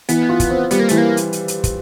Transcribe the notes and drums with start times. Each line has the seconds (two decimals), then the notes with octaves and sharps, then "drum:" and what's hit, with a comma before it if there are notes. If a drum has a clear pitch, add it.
0.09 E3 B3, drum: hi-hat
0.29 F4
0.40 drum: kick, hi-hat
0.50 C4
0.71 G3 B3, drum: hi-hat
0.80 A#3
0.89 E3 A3, drum: hi-hat
0.98 A#3
1.17 drum: hi-hat
1.33 drum: hi-hat
1.48 drum: hi-hat
1.64 drum: kick, hi-hat